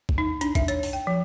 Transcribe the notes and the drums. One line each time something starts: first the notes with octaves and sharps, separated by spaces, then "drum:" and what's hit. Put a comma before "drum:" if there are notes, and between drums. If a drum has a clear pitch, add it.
drum: kick A#1
D#4
D4, drum: hi-hat
E5, drum: kick A#1, hi-hat
C#5, drum: hi-hat
drum: open hi-hat
G5
F3